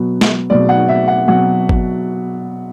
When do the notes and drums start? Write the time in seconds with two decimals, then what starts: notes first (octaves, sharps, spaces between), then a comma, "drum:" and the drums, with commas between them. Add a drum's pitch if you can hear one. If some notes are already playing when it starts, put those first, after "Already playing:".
Already playing: B2 F#3 B3
0.21 drum: snare
0.50 B2 F#3 B3 D5
0.69 F#5
0.89 E5
1.08 F#5
1.27 B2 F#3 F#5
1.69 drum: kick